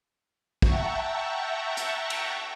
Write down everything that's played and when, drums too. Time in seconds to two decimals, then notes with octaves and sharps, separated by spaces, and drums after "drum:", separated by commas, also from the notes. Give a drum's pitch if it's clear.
0.62 E5 F#5 G5 A5 A#5 C#6, drum: kick
1.77 drum: hi-hat
2.10 drum: cymbal